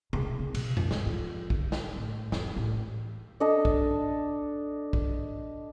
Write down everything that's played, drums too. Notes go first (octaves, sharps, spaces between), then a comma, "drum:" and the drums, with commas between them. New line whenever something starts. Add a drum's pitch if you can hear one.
C#3, drum: tom B2
C4
B1, drum: cymbal
drum: tom F2
G#2, drum: snare
F2
D3, drum: kick
drum: snare
A2
F2, drum: snare
A1
D4 A4 D#5
drum: kick
drum: kick